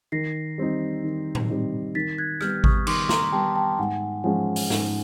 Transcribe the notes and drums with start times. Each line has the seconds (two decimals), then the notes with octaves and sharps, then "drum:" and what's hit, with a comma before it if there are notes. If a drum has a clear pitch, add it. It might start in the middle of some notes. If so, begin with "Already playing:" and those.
0.12 D#3 A#6 C7
0.58 G3 C4 D#4
1.04 D#3
1.35 drum: tom A2
1.50 G3 C4 D#4
1.95 D#3 A6 B6
2.18 F#6 G#6
2.41 G3 B3 F6 G6, drum: rim click
2.64 C#6 D#6, drum: kick G#1
2.87 D#3 C6 D6, drum: cymbal
3.09 A#5 C6, drum: snare
3.32 G3 B3 G5 A5
3.55 G5 A5
3.79 G#2 F#5 G#5
4.24 F3 G#3 C#4 F#5 G#5
4.56 drum: open hi-hat
4.70 G#2, drum: snare